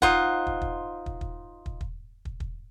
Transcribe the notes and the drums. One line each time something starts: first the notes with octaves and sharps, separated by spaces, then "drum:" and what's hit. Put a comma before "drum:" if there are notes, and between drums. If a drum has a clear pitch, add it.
D#4 F4 C5 F#5, drum: kick
drum: kick
drum: kick
drum: kick
drum: kick
drum: kick
drum: kick
drum: kick
drum: kick